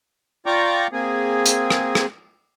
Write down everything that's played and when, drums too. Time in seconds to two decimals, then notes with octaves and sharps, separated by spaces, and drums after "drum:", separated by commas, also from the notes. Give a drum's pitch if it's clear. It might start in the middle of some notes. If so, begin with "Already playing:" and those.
0.46 F4 D5 G5 A#5 C#6 D6
0.92 A#3 C4 G#4
1.46 drum: hi-hat
1.70 drum: rim click
1.95 drum: rim click